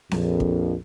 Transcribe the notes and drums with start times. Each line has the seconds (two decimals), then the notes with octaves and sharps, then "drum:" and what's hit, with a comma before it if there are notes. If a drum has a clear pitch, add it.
0.11 A#1 F2, drum: snare C4
0.40 drum: kick